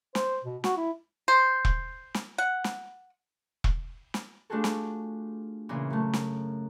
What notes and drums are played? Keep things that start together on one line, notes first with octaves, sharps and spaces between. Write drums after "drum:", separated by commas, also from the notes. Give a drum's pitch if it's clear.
C5, drum: snare
B2
F#4, drum: snare
E4
C5
drum: kick E1
drum: snare
F#5
drum: snare
drum: kick E1
drum: snare
A3 D4 F4 F#4 G#4 A4
drum: snare
A#2 C#3 E3
F#2 A3
drum: snare